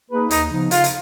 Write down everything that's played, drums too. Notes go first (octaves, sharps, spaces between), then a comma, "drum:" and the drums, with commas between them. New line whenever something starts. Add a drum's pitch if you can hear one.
A#3 D#4 G#4 B4
D#2 D#4, drum: hi-hat
C#3 F3 B3 D#4
C#3 F4, drum: hi-hat
drum: hi-hat